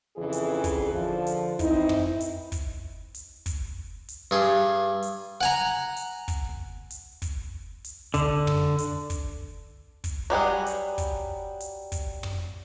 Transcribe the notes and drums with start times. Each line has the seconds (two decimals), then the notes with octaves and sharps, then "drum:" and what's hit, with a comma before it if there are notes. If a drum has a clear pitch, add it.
0.17 F2 C#3 E3 G#4
0.32 drum: hi-hat
0.64 drum: kick, hi-hat
0.94 D3 F3
1.26 drum: hi-hat
1.59 E3 C4 D#4 E4, drum: kick, hi-hat
1.89 drum: tom
2.20 drum: hi-hat
2.52 drum: kick, hi-hat
3.14 drum: hi-hat
3.46 drum: kick, hi-hat
4.08 drum: hi-hat
4.31 G2 G#4 C6
5.02 drum: hi-hat
5.41 F#5 G#5 A#5
5.96 drum: hi-hat
6.28 drum: kick, hi-hat
6.90 drum: hi-hat
7.22 drum: kick, hi-hat
7.84 drum: hi-hat
8.14 D3, drum: kick, hi-hat
8.47 drum: tom
8.78 drum: hi-hat
9.10 drum: kick, hi-hat
10.04 drum: kick, hi-hat
10.30 F#3 G3 G#4 F#5
10.66 drum: hi-hat
10.98 drum: kick, hi-hat
11.60 drum: hi-hat
11.92 drum: kick, hi-hat
12.23 drum: tom